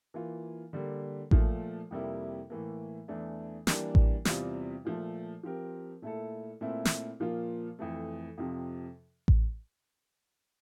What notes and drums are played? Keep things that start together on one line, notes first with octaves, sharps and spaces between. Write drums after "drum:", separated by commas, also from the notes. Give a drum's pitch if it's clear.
E3 A#3 F4
D3 G3 A#3
A#2 F3 A3, drum: kick A1
F2 C3 G3 A#3 E4
A2 E3 A#3
E2 E3 A3 D4
E3 G3 A#3 D4, drum: snare
drum: kick A1
E2 C3 G3 C4 F4, drum: snare
A#2 F3 A3
F3 C4 G4 A#4
A#2 A3 E4 A4
A#2 A3 C4 E4
drum: snare
A#2 F3 A#3 F4
F2 E3 A3
F2 C3 F3
drum: kick A1